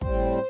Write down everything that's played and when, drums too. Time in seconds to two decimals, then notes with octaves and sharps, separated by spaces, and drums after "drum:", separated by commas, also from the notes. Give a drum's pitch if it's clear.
0.01 A2 G3 C4 C5, drum: kick